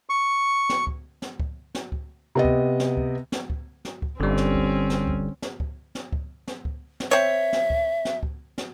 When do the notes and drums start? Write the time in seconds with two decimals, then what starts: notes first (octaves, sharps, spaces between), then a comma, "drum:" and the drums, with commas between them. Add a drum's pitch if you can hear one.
0.09 C#6
0.69 drum: snare
0.87 drum: kick C#2
1.22 drum: snare
1.40 drum: kick C#2
1.75 drum: snare
1.92 drum: kick C#2
2.35 C3 B3 D#5
2.45 drum: kick C#2
2.80 drum: snare
2.97 drum: kick C#2
3.32 drum: snare
3.50 drum: kick C#2
3.85 drum: snare
4.02 drum: kick C#2
4.20 G1 D3 G3 C4 C#4
4.37 drum: snare
4.55 drum: kick C#2
4.90 drum: snare
5.07 drum: kick C#2
5.42 drum: snare
5.60 drum: kick C#2
5.95 drum: snare
6.12 drum: kick C#2
6.48 drum: snare
6.65 drum: kick C#2
7.00 drum: snare
7.11 C4 C#5 E5
7.53 drum: snare
7.70 drum: kick C#2
8.05 drum: snare
8.23 drum: kick C#2
8.58 drum: snare